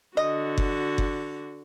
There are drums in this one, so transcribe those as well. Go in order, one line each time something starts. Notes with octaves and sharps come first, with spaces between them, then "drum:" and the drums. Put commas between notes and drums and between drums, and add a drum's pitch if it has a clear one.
D3 F#4 D#5
drum: kick F#1
drum: kick F#1